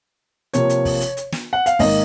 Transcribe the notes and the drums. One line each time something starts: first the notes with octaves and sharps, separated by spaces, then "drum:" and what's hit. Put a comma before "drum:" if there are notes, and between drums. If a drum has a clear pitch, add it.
C3 F3 A#3 C#5, drum: hi-hat
drum: hi-hat
drum: kick, open hi-hat
drum: hi-hat
drum: hi-hat
drum: snare
F#5
F5, drum: hi-hat
G#2 D#3 A#3 D#5, drum: kick, open hi-hat